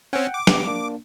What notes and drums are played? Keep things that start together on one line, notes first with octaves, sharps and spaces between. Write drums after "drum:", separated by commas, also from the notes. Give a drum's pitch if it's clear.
C4 C#4 F#5 G5
D6
B3 G4, drum: snare
A#3 D4